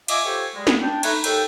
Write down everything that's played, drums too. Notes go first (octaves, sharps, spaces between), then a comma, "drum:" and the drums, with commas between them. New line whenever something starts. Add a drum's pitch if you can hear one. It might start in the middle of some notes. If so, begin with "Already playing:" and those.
F4 D#5 E5 G#5 D6, drum: cymbal
F4 G4 A4 C5 C#5
G3 G#3
drum: snare
D4 G5
A3 D#4 B4 C#5, drum: cymbal
D#2 A4 G5, drum: cymbal